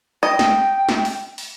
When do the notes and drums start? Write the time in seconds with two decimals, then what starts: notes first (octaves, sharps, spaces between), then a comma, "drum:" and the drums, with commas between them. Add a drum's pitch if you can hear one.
0.23 D#5 G5
0.39 drum: snare
0.89 drum: snare
1.05 drum: open hi-hat
1.38 drum: open hi-hat